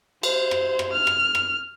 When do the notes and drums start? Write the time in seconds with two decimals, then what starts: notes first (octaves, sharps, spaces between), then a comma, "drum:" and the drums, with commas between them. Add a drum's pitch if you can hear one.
0.23 C5, drum: cymbal
0.51 drum: rim click
0.79 drum: rim click
0.93 F6
1.07 drum: rim click
1.35 drum: rim click